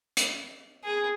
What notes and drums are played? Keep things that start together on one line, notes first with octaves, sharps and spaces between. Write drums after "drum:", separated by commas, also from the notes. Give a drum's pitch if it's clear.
drum: hi-hat
G#4